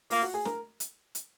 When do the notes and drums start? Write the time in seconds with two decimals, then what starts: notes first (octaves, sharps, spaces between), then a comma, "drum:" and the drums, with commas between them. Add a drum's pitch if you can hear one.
0.10 A#3 F4 F5, drum: open hi-hat
0.22 F#4 F#5
0.34 G#4 G#5
0.45 A#4 A#5, drum: snare
0.80 drum: hi-hat
1.15 drum: hi-hat